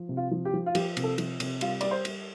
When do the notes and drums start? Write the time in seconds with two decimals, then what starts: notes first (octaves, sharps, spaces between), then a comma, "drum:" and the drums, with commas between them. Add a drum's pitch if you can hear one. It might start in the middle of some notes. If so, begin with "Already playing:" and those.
Already playing: F3
0.09 C3
0.17 F4
0.31 F3
0.45 G4
0.54 F3
0.66 F4
0.75 F3 G4, drum: cymbal
0.97 C3, drum: cymbal
1.04 A4
1.18 F3, drum: cymbal
1.40 C3, drum: cymbal
1.61 G3 F4, drum: cymbal
1.81 G3 D5, drum: cymbal
1.91 C5
2.05 G3, drum: cymbal